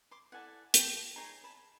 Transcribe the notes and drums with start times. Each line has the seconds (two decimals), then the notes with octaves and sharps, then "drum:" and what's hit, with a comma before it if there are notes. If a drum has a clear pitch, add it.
0.11 C6 D6
0.32 E4 A4 D5 F#5 G#5
0.74 G5 A5, drum: hi-hat
1.16 D#4 G#4 C#5 G#5 A#5
1.44 A5 B5